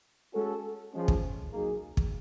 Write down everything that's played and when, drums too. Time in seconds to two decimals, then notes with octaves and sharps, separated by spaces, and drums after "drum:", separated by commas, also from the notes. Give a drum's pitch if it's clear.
0.34 G#3 C#4 F#4 A4
0.93 F3 G#3 C#4
1.08 drum: kick
1.52 F#3 A#3 D#4 G#4
1.97 drum: kick